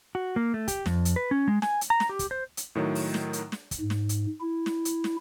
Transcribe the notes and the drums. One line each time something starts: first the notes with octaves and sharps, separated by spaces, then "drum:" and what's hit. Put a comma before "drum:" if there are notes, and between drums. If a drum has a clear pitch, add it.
F#4
A#3
A3
G4, drum: kick, hi-hat
F2, drum: snare
drum: hi-hat
B4
C#4
G#3
G#5, drum: snare
drum: hi-hat
A#5
drum: snare
G4
drum: kick, hi-hat
C5
drum: hi-hat
A2 D#3 F#3
drum: open hi-hat
drum: snare
drum: hi-hat
drum: snare
drum: kick, hi-hat
G#2
drum: snare
drum: hi-hat
E4
drum: snare
drum: hi-hat
drum: snare